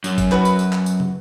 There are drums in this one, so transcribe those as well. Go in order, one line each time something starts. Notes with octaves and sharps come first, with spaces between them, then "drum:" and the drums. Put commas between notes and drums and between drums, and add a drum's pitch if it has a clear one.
F#2, drum: tambourine
drum: kick F#1, tambourine
F#4 B4, drum: clap
drum: tambourine
drum: tambourine
drum: clap
drum: tambourine
drum: tom